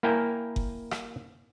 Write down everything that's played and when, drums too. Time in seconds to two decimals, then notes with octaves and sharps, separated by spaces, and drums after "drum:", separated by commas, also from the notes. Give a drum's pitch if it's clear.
0.03 A#3 E4 A#4 G5 G#5
0.56 drum: kick F#1
0.91 drum: rim click